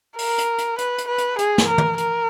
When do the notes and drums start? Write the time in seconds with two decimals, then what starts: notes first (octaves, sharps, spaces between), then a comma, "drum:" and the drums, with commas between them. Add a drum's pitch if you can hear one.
0.18 A#4, drum: open hi-hat
0.38 drum: hi-hat
0.58 drum: hi-hat
0.78 B4, drum: hi-hat
0.98 drum: hi-hat
1.08 B4
1.18 drum: hi-hat
1.38 G#4, drum: hi-hat
1.58 drum: snare
1.68 A#4
1.78 drum: tom
1.98 A#4, drum: hi-hat